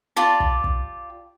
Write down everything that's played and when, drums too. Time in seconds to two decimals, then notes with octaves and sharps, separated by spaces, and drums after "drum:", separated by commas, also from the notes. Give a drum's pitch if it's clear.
0.16 F4 G4 D5 A5
0.40 drum: kick
0.64 drum: kick